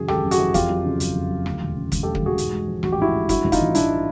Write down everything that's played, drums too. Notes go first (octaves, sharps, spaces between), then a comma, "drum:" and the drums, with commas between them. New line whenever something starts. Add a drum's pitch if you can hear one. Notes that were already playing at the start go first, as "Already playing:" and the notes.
Already playing: F#2 C#3 E3 F#3 F#4 G#4
G#1 G4 A4, drum: rim click
F#2
F#4 G#4, drum: hi-hat
E3
F2 F4 G4, drum: kick, hi-hat
F#3
C#3
F#1, drum: hi-hat
F2
F#3
D2, drum: rim click
E1
C#3
E1, drum: kick, hi-hat
G4 A4
D2
G4 A4, drum: kick
E1 F#4 G#4
G#2, drum: hi-hat
G#3
F3
A1 F#4, drum: rim click
G4
G#2 E4 F#4
G#3
G2 E4 F#4, drum: kick, hi-hat
A1
D#4 F4, drum: kick, hi-hat
E3
A1 D4 E4, drum: hi-hat